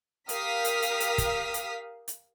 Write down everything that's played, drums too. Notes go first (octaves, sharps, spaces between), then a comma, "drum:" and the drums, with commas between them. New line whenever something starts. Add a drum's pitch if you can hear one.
G4 A#4 F5 D#6 F6 B6, drum: hi-hat
drum: hi-hat
drum: hi-hat
drum: hi-hat
drum: kick, hi-hat
drum: hi-hat
drum: hi-hat